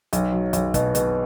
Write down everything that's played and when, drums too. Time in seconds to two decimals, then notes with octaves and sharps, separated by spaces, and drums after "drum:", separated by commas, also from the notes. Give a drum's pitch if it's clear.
0.13 B1, drum: hi-hat
0.32 F#3
0.53 B1, drum: hi-hat
0.74 B2, drum: kick, hi-hat
0.95 B2, drum: hi-hat